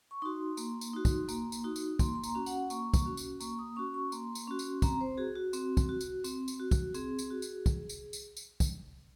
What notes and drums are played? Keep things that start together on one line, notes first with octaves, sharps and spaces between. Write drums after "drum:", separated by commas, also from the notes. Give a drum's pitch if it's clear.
C#6
D#4 F#4 C6
A#3, drum: tambourine
drum: tambourine
D#4 F#4
drum: kick, tambourine
A#3, drum: tambourine
drum: tambourine
D#4 F#4
drum: tambourine
A#3 C6, drum: kick, tambourine
C6
A#5, drum: tambourine
C#4 F#4
F#5, drum: tambourine
A#3 C#6, drum: tambourine
C#6, drum: kick, tambourine
C#4 F#4
drum: tambourine
A#3 C#6, drum: tambourine
D#6
C#4 F#4 C#6
C#6
A#3 C6, drum: tambourine
drum: tambourine
C#4 F#4
drum: tambourine
C4 A#5, drum: kick, tambourine
C5
F#4 G#4
F#4
C4, drum: tambourine
drum: kick, tambourine
F#4
drum: tambourine
C4, drum: tambourine
drum: tambourine
F#4
drum: kick, tambourine
C4 G#4, drum: tambourine
drum: tambourine
F#4
drum: tambourine
drum: kick, tambourine
drum: tambourine
drum: tambourine
drum: tambourine
drum: kick, tambourine